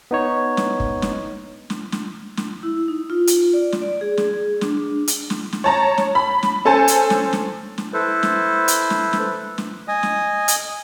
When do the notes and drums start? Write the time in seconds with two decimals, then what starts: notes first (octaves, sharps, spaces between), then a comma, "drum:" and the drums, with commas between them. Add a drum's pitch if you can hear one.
0.11 B3 D#4 C#5
0.57 drum: snare
0.80 drum: kick
1.02 drum: snare
1.70 drum: snare
1.92 drum: snare
2.37 drum: snare
2.63 E4
2.88 D#4
3.10 F4
3.27 drum: hi-hat
3.53 D5
3.72 drum: snare
3.82 D5
4.01 G#4
4.17 drum: snare
4.34 G#4
4.61 D4, drum: snare
5.08 drum: hi-hat
5.30 drum: snare
5.53 drum: snare
5.64 C#5 A5 A#5
5.98 drum: snare
6.15 B5
6.43 drum: snare
6.65 C#4 A4 C5 G#5 A5
6.88 drum: hi-hat
7.10 drum: snare
7.33 drum: snare
7.78 drum: snare
7.93 E4 A4 B4 C5
8.23 drum: snare
8.68 drum: hi-hat
8.90 drum: snare
9.13 drum: snare
9.58 drum: snare
9.88 D#5 G#5 D#6
10.03 drum: snare
10.48 drum: hi-hat